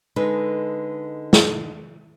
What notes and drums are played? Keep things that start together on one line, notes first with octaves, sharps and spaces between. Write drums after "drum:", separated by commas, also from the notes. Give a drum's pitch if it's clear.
D3 G#3 D#4 A4 B4
drum: snare